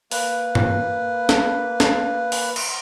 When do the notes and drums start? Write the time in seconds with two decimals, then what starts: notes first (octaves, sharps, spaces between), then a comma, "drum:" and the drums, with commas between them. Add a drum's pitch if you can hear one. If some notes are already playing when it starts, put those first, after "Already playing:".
0.11 A#3 B4, drum: open hi-hat
0.55 drum: tom G2
1.29 drum: snare
1.80 drum: snare
2.32 drum: open hi-hat
2.56 drum: cymbal